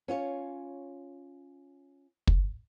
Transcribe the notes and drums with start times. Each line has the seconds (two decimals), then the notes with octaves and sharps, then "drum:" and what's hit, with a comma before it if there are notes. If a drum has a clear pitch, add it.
0.08 C#4 F4 C#5
2.27 drum: kick